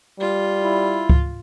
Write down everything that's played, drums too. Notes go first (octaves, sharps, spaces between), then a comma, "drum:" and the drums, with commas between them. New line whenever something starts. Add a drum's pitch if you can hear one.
G3 F4
E4
drum: kick C#2